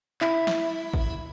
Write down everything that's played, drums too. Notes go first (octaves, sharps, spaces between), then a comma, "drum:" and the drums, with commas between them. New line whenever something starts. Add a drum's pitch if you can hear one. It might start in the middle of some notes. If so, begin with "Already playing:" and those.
E4, drum: clap
drum: snare
drum: kick